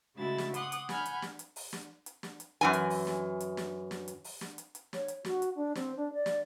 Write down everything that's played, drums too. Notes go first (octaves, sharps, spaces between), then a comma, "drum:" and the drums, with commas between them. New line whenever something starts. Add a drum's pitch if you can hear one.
C#3 G#3 A3 E4 F#4 A6
drum: snare
F#5 C6 D6 D#6 F#6, drum: hi-hat
drum: hi-hat
F#5 G#5 B5 F6 G6, drum: snare
drum: hi-hat
drum: snare
drum: hi-hat
drum: open hi-hat
drum: snare
drum: hi-hat
drum: snare
drum: hi-hat
F#2 E3 G#5
drum: hi-hat
drum: open hi-hat
drum: snare
drum: hi-hat
drum: snare
drum: snare
drum: hi-hat
drum: open hi-hat
drum: snare
drum: hi-hat
drum: hi-hat
C#5, drum: snare
drum: hi-hat
F#4, drum: snare
drum: hi-hat
D4
C4, drum: snare
D4
D5
drum: snare